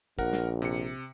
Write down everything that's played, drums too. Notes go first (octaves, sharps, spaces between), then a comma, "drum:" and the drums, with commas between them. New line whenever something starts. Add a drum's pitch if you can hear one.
A#1 A#4 F#5, drum: kick
drum: snare
C3 C#7